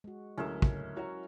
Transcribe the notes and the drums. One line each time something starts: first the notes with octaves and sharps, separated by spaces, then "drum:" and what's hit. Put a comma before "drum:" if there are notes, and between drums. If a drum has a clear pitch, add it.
G#3 F#4
D2 F#3 C#4 E4 G4 A4 A#4 E5
drum: kick
E4 F#4 C#5 F#5 A#5